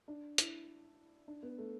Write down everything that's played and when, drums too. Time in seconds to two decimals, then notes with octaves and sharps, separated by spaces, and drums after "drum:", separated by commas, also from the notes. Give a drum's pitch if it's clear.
0.08 D4
0.38 E4, drum: hi-hat
1.28 D4
1.43 B3
1.58 A3